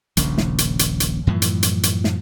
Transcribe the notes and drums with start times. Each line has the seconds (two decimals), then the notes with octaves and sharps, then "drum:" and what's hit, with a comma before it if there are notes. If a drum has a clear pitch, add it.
0.17 D#1 A#1 C#3, drum: hi-hat
0.38 drum: snare
0.58 drum: hi-hat
0.79 drum: hi-hat
1.00 drum: hi-hat
1.27 F#2 A2 E3 F3
1.42 drum: hi-hat
1.63 drum: hi-hat
1.83 drum: hi-hat
2.04 drum: snare